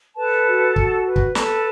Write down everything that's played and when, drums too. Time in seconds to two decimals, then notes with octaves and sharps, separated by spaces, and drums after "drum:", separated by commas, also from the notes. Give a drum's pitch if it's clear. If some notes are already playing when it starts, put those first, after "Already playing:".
0.16 A4 B4 A5
0.47 F#4
0.76 F#4, drum: kick
1.06 B4
1.16 drum: kick
1.35 A4 B4 A5, drum: snare